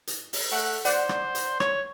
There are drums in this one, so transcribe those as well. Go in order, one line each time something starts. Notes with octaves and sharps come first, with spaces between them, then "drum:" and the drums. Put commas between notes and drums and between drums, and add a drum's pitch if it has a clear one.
drum: hi-hat
drum: open hi-hat
A3 F#5 F#6
C5 D5 F#5, drum: hi-hat
drum: rim click
drum: hi-hat
C#5, drum: rim click